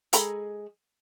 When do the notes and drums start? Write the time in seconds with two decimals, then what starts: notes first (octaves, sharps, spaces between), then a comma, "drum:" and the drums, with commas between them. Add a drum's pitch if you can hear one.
0.13 G#3 G#4 A4 A#5 B5, drum: hi-hat